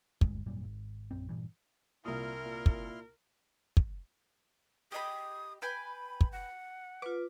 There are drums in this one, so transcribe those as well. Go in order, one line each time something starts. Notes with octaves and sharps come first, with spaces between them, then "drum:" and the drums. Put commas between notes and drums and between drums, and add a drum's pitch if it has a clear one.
E1 D2 G2 G#3, drum: kick
G#1 F#2 A#2 G3
G#1
A#1 F#2 C4
G2 A#2 E3
C2 A#2 E4 A#4 C6 D#6 F6
A#2
drum: kick
drum: kick
G4 D#5 B5 D#6
B4 G5 G#5 B5
drum: kick
F#5
F4 B4 D6